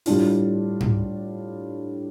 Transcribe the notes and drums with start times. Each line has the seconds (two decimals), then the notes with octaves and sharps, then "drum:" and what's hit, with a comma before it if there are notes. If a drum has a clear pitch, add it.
0.06 A2 G3 D4 F4, drum: open hi-hat
0.80 drum: tom G#2